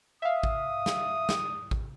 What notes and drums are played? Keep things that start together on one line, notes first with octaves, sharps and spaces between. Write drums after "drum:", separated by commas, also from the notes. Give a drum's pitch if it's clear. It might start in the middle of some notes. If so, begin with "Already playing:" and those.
E5 F5 D#6
drum: kick A1
drum: snare
drum: snare
drum: kick A1